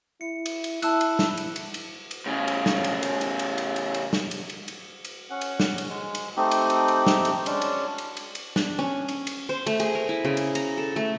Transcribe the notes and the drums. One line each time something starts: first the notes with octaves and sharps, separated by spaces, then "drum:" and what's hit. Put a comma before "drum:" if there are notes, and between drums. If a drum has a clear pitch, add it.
E4 C#7
drum: cymbal
drum: cymbal
E4 A5 E6 F#6, drum: cymbal
drum: cymbal
drum: snare
drum: cymbal
drum: cymbal
drum: cymbal
drum: cymbal
A2 C#3
drum: cymbal
drum: snare
drum: cymbal
drum: cymbal
drum: cymbal
drum: cymbal
drum: cymbal
drum: cymbal
drum: cymbal
drum: snare
drum: cymbal
drum: cymbal
drum: cymbal
drum: cymbal
C#4 F#5
drum: cymbal
drum: snare
drum: cymbal
G#3
drum: cymbal
A3 C4 D#4 G4
drum: cymbal
drum: cymbal
drum: cymbal
drum: snare
drum: cymbal
G#3 C#4 D4, drum: cymbal
drum: cymbal
drum: cymbal
drum: cymbal
drum: cymbal
D4, drum: snare
C#4
drum: cymbal
drum: cymbal
C5
A3, drum: cymbal
G#4, drum: cymbal
A#4
E4
C#3
drum: cymbal
A#5, drum: cymbal
A4
A3